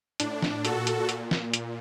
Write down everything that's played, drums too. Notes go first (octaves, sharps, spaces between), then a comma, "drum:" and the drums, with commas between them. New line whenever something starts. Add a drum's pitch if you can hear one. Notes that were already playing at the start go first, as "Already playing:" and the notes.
A2 D4, drum: hi-hat
drum: snare
A#2 F#4 A4, drum: hi-hat
drum: hi-hat
A#2, drum: hi-hat
drum: snare
drum: hi-hat